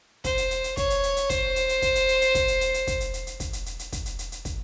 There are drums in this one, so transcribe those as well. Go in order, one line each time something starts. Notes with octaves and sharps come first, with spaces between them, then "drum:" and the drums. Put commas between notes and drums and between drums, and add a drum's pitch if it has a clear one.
C5, drum: kick, hi-hat
drum: hi-hat
drum: hi-hat
drum: hi-hat
C#5, drum: kick, hi-hat
drum: hi-hat
drum: hi-hat
drum: hi-hat
C5, drum: kick, hi-hat
drum: hi-hat
drum: hi-hat
drum: kick, hi-hat
drum: hi-hat
drum: hi-hat
drum: hi-hat
drum: kick, hi-hat
drum: hi-hat
drum: hi-hat
drum: hi-hat
drum: kick, hi-hat
drum: hi-hat
drum: hi-hat
drum: hi-hat
drum: kick, hi-hat
drum: hi-hat
drum: hi-hat
drum: hi-hat
drum: kick, hi-hat
drum: hi-hat
drum: hi-hat
drum: hi-hat
drum: kick, hi-hat